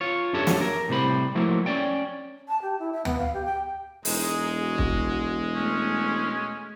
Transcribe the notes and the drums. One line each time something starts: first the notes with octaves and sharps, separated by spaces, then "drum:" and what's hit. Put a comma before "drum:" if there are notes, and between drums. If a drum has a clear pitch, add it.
F4 C#5
F#2 D4 G4 A4 C#5 E5
drum: snare
A#4
A2 C3 G3 C5 B5
F3 F#3 A3 A#3 E4
C#4 D5 G5
A5
G4
E4
E5
B3, drum: tom D2
F5
G4
G5
E1 G#3 D#4 G#4, drum: open hi-hat
F#4
drum: kick
A3 C#4